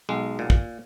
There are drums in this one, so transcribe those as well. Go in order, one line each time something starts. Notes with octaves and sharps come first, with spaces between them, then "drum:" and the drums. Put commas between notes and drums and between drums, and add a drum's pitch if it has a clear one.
B1 G#3
A#2
drum: kick